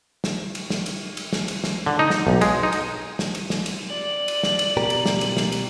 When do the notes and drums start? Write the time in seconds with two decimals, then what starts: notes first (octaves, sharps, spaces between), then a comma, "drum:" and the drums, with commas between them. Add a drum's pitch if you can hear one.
0.24 drum: snare
0.55 drum: cymbal
0.70 drum: snare
0.86 drum: cymbal
1.17 drum: cymbal
1.33 drum: snare
1.48 drum: cymbal
1.64 drum: snare
1.86 D3
1.99 D#4
2.10 drum: snare
2.27 B1
2.41 G#3, drum: cymbal
2.63 D#4
2.72 drum: cymbal
3.19 drum: snare
3.35 drum: cymbal
3.50 drum: snare
3.66 drum: cymbal
3.88 D5 F#7
4.28 drum: cymbal
4.43 drum: snare
4.59 drum: cymbal
4.77 B2 G4 A#4
4.90 drum: cymbal
5.06 drum: snare
5.21 drum: cymbal
5.37 drum: snare
5.52 drum: cymbal